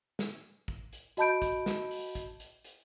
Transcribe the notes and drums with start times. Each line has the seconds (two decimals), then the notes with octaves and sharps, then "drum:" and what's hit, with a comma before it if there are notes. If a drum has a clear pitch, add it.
0.19 drum: snare
0.68 drum: kick
0.93 drum: hi-hat
1.17 F#4 D#5 A5 B5 G6 D7, drum: hi-hat
1.42 drum: kick, hi-hat
1.66 drum: snare
1.91 drum: open hi-hat
2.15 drum: kick, hi-hat
2.40 drum: hi-hat
2.64 drum: hi-hat